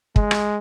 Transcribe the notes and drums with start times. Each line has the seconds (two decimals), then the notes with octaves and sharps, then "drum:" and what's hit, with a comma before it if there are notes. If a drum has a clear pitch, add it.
0.16 G#3, drum: kick
0.31 drum: rim click